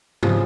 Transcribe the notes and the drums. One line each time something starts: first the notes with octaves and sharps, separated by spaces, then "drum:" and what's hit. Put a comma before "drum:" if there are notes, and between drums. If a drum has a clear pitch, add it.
C#3 F3, drum: tom G#2